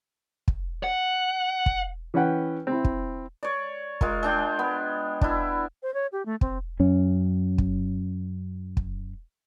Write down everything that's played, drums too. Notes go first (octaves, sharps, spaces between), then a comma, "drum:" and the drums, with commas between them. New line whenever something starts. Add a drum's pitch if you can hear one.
drum: kick
F#5
drum: kick
E3 C#4 B4 F#5 G5
C4 E4
drum: kick
C#5 D5
G#3 F4 A#4, drum: kick
G#3 D4 G5
B3
D4 E4, drum: kick
C5
C#5
G4
A3
C4, drum: kick
F#2 C#4
drum: kick
drum: kick